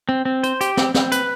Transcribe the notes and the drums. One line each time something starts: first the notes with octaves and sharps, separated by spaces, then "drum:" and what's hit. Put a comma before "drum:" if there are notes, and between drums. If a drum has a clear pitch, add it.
C4
C4
C5, drum: hi-hat
G4, drum: hi-hat
C4, drum: snare
C4, drum: snare
B4, drum: hi-hat